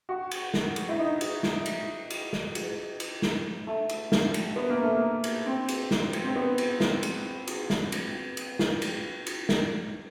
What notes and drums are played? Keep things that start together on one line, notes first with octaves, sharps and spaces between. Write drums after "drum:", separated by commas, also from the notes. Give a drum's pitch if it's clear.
F#4
drum: cymbal
drum: snare
drum: cymbal
E4
D#4
drum: cymbal
drum: snare
drum: cymbal
drum: cymbal
drum: snare
drum: cymbal
drum: cymbal
drum: snare
A3
drum: cymbal
drum: snare
drum: cymbal
B3
A#3
A3
A#3
drum: cymbal
C4
drum: cymbal
drum: snare
drum: cymbal
C4
B3
drum: cymbal
drum: snare
drum: cymbal
drum: cymbal
drum: snare
drum: cymbal
drum: cymbal
drum: snare
drum: cymbal
drum: cymbal
drum: snare